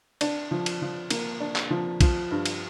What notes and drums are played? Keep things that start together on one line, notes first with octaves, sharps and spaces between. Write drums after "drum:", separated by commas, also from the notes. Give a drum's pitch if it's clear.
D4, drum: cymbal
F3
drum: cymbal
F3
A#3, drum: cymbal
D4
drum: clap
F3
F3, drum: kick B1, cymbal
G2
drum: cymbal